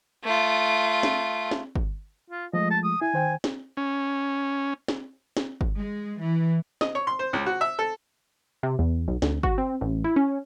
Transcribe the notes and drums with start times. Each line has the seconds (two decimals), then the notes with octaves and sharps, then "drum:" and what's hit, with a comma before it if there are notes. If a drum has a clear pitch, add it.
0.24 A3 F4
1.03 drum: snare
1.51 drum: snare
1.75 drum: kick G1
2.30 F4
2.53 F3 G#3 A3 D#5
2.71 A5
2.84 D#6
3.02 E4 G#5
3.14 D#3 C5 G5
3.44 drum: snare
3.77 C#4
4.88 drum: snare
5.37 drum: snare
5.61 drum: kick G1
5.78 G#3
6.20 E3
6.81 D#5, drum: snare
6.95 C#5
7.07 C6
7.19 C5
7.33 C#2
7.46 F#4
7.61 E5
7.79 A4
8.63 C3
8.79 E2
9.08 B1
9.22 D2, drum: snare
9.43 F#4, drum: kick G1
9.58 C4
9.81 A1
10.04 E4
10.16 C#4